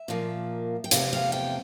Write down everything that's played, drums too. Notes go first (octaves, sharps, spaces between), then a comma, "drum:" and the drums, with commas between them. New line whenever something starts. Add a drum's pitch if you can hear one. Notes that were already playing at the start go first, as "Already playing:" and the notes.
Already playing: E5
A#2 F3 A#3
G5
E2 C3 F3 A3 F5, drum: hi-hat
F5
G5